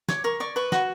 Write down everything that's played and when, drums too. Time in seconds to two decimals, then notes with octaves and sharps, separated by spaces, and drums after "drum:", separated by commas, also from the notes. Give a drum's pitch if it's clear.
0.09 C#5 D6, drum: snare
0.24 A#4 C#6
0.40 D5 C#6
0.56 B4 C#6
0.72 F#4 C#6, drum: snare